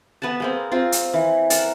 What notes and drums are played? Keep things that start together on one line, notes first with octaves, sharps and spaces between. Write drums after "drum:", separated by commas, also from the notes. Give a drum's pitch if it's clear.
B3 B4 G#5 A5
G#3 A#3 C4
C4 F4
drum: hi-hat
E3
A#4 F#5 A5, drum: hi-hat